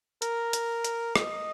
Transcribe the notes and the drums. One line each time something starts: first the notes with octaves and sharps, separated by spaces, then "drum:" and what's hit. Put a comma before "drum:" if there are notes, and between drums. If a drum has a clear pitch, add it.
A#4, drum: hi-hat
drum: hi-hat
drum: hi-hat
D#5, drum: rim click